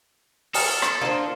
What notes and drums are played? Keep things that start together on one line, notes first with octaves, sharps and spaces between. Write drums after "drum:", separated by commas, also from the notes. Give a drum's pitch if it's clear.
A4 D#6 F6 C#7, drum: open hi-hat
drum: rim click
A#3 D4 F4 C5